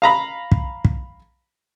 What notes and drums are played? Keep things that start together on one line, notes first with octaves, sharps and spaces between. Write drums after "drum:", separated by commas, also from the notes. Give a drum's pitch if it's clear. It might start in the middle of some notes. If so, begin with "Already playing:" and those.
F5 A#5 B5
drum: kick
drum: kick